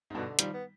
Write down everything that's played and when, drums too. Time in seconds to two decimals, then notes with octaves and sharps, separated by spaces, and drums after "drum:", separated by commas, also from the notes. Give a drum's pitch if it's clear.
0.10 G#2
0.14 G2 B2 D3
0.39 D#3 F3 G3, drum: hi-hat
0.54 B3